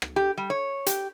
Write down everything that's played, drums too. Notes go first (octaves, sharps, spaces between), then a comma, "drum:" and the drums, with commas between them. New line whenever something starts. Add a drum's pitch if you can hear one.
drum: rim click
G4
G3
C#5
G4, drum: hi-hat